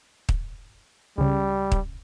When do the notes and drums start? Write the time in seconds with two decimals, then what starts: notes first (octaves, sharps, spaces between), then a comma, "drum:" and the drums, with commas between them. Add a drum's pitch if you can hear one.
0.29 drum: kick
1.18 C#2 C#3 G3
1.72 drum: kick